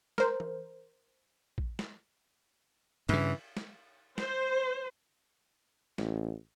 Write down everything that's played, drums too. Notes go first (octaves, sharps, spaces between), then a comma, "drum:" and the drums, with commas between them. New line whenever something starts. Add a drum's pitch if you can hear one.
A#4 C5, drum: snare
drum: tom E3
drum: kick
drum: snare
G2 C#3 E3, drum: cymbal
drum: snare
C5, drum: snare
A1, drum: snare